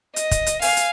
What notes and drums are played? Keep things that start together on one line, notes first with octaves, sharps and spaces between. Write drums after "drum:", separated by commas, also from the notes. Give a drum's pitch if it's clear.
D#5, drum: hi-hat
drum: kick, hi-hat
drum: hi-hat
F5 G#5, drum: open hi-hat
drum: hi-hat